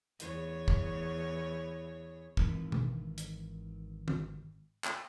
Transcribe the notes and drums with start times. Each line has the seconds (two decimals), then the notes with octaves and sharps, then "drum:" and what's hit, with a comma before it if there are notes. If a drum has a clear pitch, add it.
0.20 E2 C#5, drum: hi-hat
0.68 drum: kick
2.37 G#1 D#3 E3, drum: kick
2.72 drum: tom B2
3.18 drum: hi-hat
4.08 drum: tom D#3
4.84 drum: clap